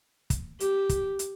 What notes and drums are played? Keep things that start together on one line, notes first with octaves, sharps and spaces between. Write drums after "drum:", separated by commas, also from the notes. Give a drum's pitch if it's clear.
drum: kick, hi-hat
G4, drum: hi-hat
drum: kick, hi-hat
drum: hi-hat